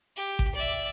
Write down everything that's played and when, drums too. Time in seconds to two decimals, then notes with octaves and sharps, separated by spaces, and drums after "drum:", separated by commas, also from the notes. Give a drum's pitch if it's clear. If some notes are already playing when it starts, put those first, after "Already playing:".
0.17 G4
0.39 drum: kick G#1
0.55 D5 E5